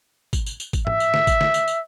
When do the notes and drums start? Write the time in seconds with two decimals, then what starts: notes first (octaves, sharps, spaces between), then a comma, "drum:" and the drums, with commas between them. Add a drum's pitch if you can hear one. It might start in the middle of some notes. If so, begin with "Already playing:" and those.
0.33 drum: kick G#1, tambourine
0.46 drum: tambourine
0.60 drum: tambourine
0.73 drum: kick G#1, tambourine
0.87 E5, drum: tom
1.00 drum: tambourine
1.14 drum: snare
1.27 drum: kick G#1, tambourine
1.41 drum: snare
1.54 drum: tambourine
1.68 drum: tambourine